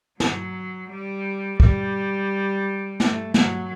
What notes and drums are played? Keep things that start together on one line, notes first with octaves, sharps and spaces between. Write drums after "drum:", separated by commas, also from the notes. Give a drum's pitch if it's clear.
F#3, drum: snare
G3
G3, drum: kick
A3, drum: snare
F#3, drum: snare